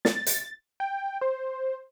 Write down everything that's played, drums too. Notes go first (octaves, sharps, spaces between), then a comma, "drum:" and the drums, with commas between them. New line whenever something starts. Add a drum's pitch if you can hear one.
A6, drum: snare
drum: hi-hat
G5
C5